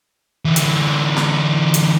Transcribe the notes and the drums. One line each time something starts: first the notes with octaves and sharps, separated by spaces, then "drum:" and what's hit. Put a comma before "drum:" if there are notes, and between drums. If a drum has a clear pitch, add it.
D3 E3
drum: hi-hat
drum: snare
drum: hi-hat